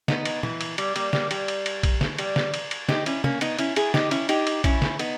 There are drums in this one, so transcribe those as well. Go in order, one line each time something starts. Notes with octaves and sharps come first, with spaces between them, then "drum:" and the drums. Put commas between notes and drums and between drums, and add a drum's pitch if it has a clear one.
B3 D#4, drum: snare
drum: cymbal
E3, drum: tom
drum: cymbal
G3, drum: cymbal
G3 A#3, drum: cymbal
G3 A#3, drum: snare
G3, drum: cymbal
drum: cymbal
drum: cymbal
drum: kick, cymbal
drum: snare
G3, drum: cymbal
drum: snare
drum: cymbal
drum: cymbal
D#4 G4, drum: snare
C#4 E4, drum: cymbal
A#3 C#4, drum: tom
B3 D#4, drum: cymbal
C#4 E4, drum: cymbal
E4 G#4, drum: cymbal
D#4 G4, drum: snare
C#4 E4, drum: cymbal
D#4 G4, drum: cymbal
drum: cymbal
C#4 E4, drum: kick, cymbal
drum: snare
B3 D#4, drum: cymbal